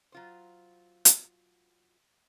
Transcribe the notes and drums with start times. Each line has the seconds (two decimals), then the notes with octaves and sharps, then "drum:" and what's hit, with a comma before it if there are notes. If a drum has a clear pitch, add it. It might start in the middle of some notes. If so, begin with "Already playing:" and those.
0.12 F#3 F4 C5
1.05 drum: hi-hat